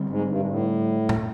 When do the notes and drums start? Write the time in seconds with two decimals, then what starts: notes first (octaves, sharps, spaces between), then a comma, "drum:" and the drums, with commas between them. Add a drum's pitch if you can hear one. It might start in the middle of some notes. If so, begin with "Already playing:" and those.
Already playing: D3 G3 C4
0.09 G#2
0.28 G2
0.38 G#2
0.47 A2
1.09 drum: tom